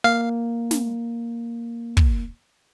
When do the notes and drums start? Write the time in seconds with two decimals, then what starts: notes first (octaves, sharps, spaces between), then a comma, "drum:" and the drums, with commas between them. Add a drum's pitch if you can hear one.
0.04 A#3 F5
0.71 drum: snare
1.97 drum: kick